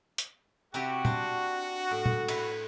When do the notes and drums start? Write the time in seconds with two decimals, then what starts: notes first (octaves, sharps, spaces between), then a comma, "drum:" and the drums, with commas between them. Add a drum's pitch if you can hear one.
0.18 drum: hi-hat
0.74 C3 E4 F#4 G4
1.05 D4 C5, drum: tom
1.91 A2
2.06 drum: tom
2.28 E4 B4, drum: cymbal